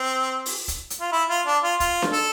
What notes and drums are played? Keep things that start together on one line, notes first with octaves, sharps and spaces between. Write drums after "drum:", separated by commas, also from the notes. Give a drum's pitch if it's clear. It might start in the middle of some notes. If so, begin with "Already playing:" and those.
Already playing: C4
drum: open hi-hat
drum: kick, hi-hat
drum: hi-hat
F4
E4
F4
D4
F4
F4, drum: kick, hi-hat
drum: snare D4
A4